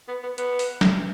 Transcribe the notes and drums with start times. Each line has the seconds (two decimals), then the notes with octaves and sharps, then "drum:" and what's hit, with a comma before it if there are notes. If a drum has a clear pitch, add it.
0.08 B3
0.23 B3
0.38 B3, drum: hi-hat
0.59 drum: open hi-hat
0.81 drum: snare